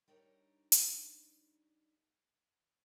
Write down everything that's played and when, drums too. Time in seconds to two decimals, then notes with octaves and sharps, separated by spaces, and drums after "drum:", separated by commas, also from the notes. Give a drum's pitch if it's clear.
0.08 G3 D4 D#4 A#4 C#5
0.72 drum: hi-hat